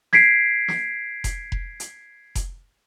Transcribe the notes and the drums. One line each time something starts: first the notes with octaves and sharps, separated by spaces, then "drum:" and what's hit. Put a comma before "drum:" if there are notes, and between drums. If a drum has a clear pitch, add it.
G#6 B6 C7 D7, drum: snare
drum: snare
drum: kick F1, hi-hat
drum: kick F1
drum: hi-hat
drum: kick F1, hi-hat